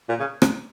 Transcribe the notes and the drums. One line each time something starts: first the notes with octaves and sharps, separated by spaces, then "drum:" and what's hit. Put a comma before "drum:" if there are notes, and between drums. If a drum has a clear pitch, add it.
A#2
C#3
drum: rim click